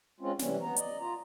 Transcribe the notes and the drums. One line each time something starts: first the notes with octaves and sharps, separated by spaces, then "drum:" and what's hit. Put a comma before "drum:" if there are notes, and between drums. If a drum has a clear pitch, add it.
G#3 C4 C#4 F4
C3 E3 G3 C#4, drum: snare
B3 A#5
D5 D#5, drum: hi-hat
F4 A#5